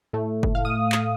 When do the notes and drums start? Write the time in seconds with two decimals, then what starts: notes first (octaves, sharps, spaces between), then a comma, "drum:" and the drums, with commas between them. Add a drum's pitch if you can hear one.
0.13 A2 A3
0.43 drum: kick F#1
0.55 F5
0.65 D#6
0.92 drum: clap